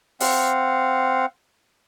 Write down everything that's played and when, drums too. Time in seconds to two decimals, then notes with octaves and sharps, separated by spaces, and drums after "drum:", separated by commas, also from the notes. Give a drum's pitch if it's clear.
0.21 C4 F5 F#5, drum: open hi-hat